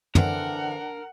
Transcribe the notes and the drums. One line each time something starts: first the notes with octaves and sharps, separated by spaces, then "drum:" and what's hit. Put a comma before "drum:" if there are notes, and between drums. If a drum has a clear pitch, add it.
D3 E3 C4 D4 A#4 F#5, drum: tom